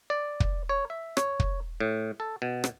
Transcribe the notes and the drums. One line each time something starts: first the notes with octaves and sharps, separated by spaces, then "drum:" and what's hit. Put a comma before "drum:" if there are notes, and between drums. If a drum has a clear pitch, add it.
D5
drum: kick
C#5
E5
C#5, drum: rim click
drum: kick
A2
A4
B2
drum: rim click